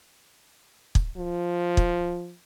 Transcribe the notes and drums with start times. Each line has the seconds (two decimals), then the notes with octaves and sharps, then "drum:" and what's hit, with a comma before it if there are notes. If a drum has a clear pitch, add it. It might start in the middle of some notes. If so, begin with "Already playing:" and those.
0.95 drum: kick
1.17 F3
1.77 drum: kick